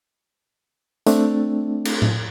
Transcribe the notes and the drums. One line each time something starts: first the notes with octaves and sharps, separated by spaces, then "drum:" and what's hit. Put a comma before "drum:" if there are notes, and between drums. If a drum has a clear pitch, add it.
A3 C4 D4, drum: hi-hat
drum: cymbal
drum: tom A2